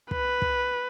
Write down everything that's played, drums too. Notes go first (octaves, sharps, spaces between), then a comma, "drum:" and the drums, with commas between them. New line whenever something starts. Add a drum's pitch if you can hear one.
B4, drum: kick
drum: kick